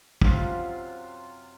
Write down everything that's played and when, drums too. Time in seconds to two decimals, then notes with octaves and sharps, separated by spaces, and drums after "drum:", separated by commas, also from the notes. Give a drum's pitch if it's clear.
0.21 F#2 C3 F4 F5, drum: kick